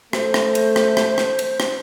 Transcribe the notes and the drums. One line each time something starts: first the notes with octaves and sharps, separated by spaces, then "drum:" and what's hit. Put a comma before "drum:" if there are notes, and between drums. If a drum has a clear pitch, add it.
A3 C5, drum: rim click
drum: rim click
drum: cymbal
drum: rim click
drum: rim click
drum: rim click
drum: cymbal
drum: rim click